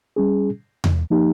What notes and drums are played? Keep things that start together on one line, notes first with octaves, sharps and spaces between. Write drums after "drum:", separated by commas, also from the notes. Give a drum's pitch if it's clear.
G3 C#4 G#4
drum: tom E2
F3 A#3 D#4 G4